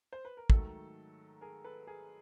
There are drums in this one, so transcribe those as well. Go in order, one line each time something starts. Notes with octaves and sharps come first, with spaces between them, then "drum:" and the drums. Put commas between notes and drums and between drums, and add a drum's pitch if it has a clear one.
C5
B4
A#4
G#2 D#3 F#3 A3 A4, drum: kick
G#4 A#4
A4 B4
G#4 A#4